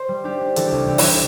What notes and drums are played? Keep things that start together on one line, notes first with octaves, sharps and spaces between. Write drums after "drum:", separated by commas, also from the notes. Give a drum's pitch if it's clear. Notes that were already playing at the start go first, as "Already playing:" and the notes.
Already playing: C5
G3
D4 G4
D4
E3 A4, drum: hi-hat
G4
C2 A4
C2 G4
E4, drum: open hi-hat
E3
G4